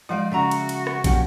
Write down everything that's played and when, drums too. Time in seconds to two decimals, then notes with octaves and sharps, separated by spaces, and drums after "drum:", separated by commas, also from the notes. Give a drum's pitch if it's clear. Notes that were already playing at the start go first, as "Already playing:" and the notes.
0.09 F3 G#3 D#4 F4 D5 F5
0.32 C#3 F#4 D5 E5 A#5
0.51 drum: cymbal
0.69 drum: cymbal
0.87 drum: rim click
1.04 A#2 F3 C#4 G4 F#5, drum: kick, cymbal